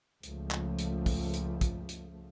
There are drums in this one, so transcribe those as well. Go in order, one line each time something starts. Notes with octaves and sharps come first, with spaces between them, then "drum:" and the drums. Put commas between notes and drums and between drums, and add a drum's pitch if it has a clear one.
C#2 F3 A3, drum: hi-hat
drum: clap
drum: hi-hat
drum: kick, open hi-hat
drum: hi-hat
drum: kick, hi-hat
drum: hi-hat